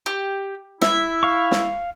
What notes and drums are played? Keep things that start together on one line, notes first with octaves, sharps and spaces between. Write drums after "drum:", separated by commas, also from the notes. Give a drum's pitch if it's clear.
G4
E4 E5, drum: snare
F5 C#6
drum: snare